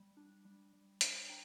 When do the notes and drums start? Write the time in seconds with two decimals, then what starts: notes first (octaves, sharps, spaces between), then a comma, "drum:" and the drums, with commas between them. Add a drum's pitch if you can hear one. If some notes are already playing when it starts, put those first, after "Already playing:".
Already playing: G3
0.17 D4
0.45 G3
0.73 G3
1.01 D4, drum: hi-hat
1.29 D4 G5 A#5